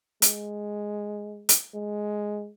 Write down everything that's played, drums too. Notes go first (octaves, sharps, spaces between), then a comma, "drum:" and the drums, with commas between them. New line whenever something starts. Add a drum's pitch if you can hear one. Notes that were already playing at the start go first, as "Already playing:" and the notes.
G#3, drum: hi-hat
drum: hi-hat
G#3